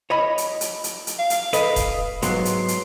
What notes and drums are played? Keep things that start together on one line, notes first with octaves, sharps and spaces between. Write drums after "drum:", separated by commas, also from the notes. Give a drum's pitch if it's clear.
C#5 D#5 B5
drum: hi-hat
drum: hi-hat
drum: hi-hat
drum: hi-hat
F5
drum: hi-hat
A4 B4 D#5, drum: hi-hat
drum: kick D#1, hi-hat
G#2 F#3 B3 C6, drum: hi-hat
drum: hi-hat
drum: hi-hat